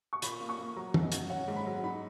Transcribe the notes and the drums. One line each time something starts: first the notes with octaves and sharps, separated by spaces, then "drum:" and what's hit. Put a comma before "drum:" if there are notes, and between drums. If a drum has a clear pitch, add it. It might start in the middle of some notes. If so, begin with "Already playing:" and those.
C#6
A#2 B5, drum: hi-hat
A#3
C#6
A#3
F#3 A#5
F#2, drum: tom
D#5
F#3, drum: hi-hat
C#4 F#5
G#2
B5
F#3
D#4 B5